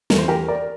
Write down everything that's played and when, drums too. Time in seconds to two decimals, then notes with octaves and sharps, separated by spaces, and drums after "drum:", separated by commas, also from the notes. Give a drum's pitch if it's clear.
0.10 E2 E3 A3 A#4, drum: snare
0.18 C5
0.28 G4 A#4
0.48 A#4 D5